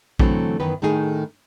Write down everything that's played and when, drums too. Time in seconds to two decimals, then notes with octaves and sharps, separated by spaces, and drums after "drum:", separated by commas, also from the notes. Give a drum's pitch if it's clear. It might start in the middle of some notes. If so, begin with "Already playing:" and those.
0.19 D3 E3 F#3 A3 C4 D4, drum: kick A#1
0.60 F#2 D#3 E3 B3 D#4 B4
0.82 A2 D#3 A3 D#4 G#4